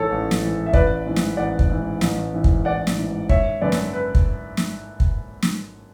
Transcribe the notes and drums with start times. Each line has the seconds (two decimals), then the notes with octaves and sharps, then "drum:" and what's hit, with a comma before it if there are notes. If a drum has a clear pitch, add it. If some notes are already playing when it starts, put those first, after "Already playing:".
Already playing: A1 G#2 E3 A4 C#5
0.10 A1
0.31 drum: snare
0.42 G#2 E3
0.66 E5
0.73 A1 B4 D5, drum: kick
1.06 G#2 E3
1.16 drum: snare
1.37 A1 D5 F#5
1.59 drum: kick
1.70 G#2 E3
2.01 A1, drum: snare
2.33 G#2 E3
2.44 drum: kick
2.65 A1 D5 F#5
2.87 drum: snare
2.98 G#2 E3
3.29 G#1 C#5 E5, drum: kick
3.61 F#2 D3 B4 D5
3.72 drum: snare
3.93 B4
4.15 drum: kick
4.57 drum: snare
5.00 drum: kick
5.42 drum: snare